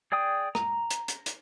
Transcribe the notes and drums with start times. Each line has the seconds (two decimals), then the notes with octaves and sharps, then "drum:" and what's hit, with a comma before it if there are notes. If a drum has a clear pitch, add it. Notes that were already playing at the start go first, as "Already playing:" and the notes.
0.12 G#4 D5 G5 D#6
0.55 A#5, drum: rim click
0.91 drum: hi-hat
1.08 drum: hi-hat
1.26 drum: hi-hat